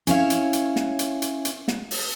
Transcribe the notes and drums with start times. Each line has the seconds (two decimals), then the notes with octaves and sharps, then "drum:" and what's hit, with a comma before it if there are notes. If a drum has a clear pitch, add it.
0.07 C#4 E4 C#5 F5, drum: hi-hat
0.30 drum: hi-hat
0.53 drum: hi-hat
0.76 drum: snare
0.99 drum: hi-hat
1.22 drum: hi-hat
1.45 drum: hi-hat
1.68 drum: snare
1.91 drum: open hi-hat